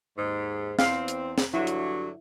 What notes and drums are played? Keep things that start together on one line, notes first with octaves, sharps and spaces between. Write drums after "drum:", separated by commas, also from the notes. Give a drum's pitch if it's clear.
D#2 G#2
E2 C4 F5, drum: snare
drum: hi-hat
drum: snare
G2 D3 F#3 E4
drum: hi-hat